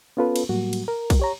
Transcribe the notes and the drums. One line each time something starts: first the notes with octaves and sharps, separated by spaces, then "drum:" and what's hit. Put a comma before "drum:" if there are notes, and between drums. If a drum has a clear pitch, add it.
B3 C#4 F4 A4 B4
drum: cymbal
A2 F#3 G3 A#3 F#4
drum: cymbal
A#4
drum: kick B1, cymbal
G4 C#5 A#5